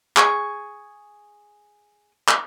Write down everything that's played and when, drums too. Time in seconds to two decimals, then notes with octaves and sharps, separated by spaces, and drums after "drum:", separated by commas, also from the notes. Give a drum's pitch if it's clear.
0.17 G#4 C#6, drum: clap
2.28 drum: clap